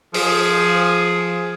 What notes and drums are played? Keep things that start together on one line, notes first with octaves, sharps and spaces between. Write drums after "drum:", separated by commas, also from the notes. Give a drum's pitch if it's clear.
F3 G#4, drum: open hi-hat